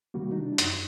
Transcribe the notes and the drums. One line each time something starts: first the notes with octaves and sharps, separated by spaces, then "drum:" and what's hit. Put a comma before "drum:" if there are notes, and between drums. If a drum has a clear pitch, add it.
C3 D#3 G3 A#3 F#4
D#4
D4
E4
F#2 D#4, drum: hi-hat